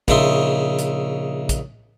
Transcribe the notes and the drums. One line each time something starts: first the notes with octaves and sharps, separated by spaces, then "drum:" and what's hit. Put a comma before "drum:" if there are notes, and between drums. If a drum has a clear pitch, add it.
A#1 C#3 D#4 E5 C6, drum: kick, hi-hat
drum: hi-hat
drum: kick, hi-hat